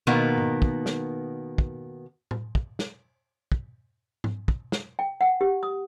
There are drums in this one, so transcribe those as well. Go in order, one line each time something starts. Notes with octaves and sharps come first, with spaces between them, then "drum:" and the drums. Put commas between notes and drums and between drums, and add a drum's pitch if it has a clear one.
B2 D#3 A#3 B3
drum: tom G#2
drum: kick
drum: snare
drum: kick
drum: tom A2
drum: kick
drum: snare
drum: kick
drum: tom G#2
drum: kick
drum: snare
G5
F#5
G4
D#6